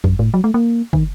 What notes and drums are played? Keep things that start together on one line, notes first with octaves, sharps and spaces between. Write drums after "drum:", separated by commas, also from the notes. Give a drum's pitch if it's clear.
F#2, drum: kick
A2
F#3
A3
A#3
D#3, drum: kick